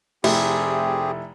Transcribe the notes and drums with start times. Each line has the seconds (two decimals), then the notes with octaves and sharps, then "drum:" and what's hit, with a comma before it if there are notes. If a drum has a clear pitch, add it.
0.24 F1 A3 C4 E4 G4 G#4, drum: cymbal